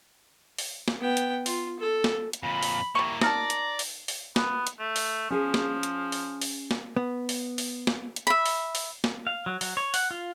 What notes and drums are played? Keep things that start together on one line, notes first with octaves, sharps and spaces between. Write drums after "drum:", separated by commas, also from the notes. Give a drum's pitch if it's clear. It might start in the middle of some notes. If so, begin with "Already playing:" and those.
drum: open hi-hat
drum: snare
B3 G5
drum: hi-hat
F4, drum: open hi-hat
A4
drum: snare
drum: hi-hat
F2 A#2 B5
drum: open hi-hat
G3 A#3 E4 C#6
D#4 A#4 D5 A5 A#5, drum: snare
drum: hi-hat
drum: open hi-hat
drum: open hi-hat
B3, drum: snare
drum: hi-hat
A3
drum: open hi-hat
F3 C#4 G#4 G#5
drum: snare
drum: hi-hat
drum: open hi-hat
drum: open hi-hat
drum: snare
B3
drum: open hi-hat
drum: open hi-hat
drum: snare
drum: hi-hat
E5 B5
drum: open hi-hat
drum: open hi-hat
drum: snare
F5
F#3
F#3, drum: open hi-hat
C#5
F#5, drum: open hi-hat
F4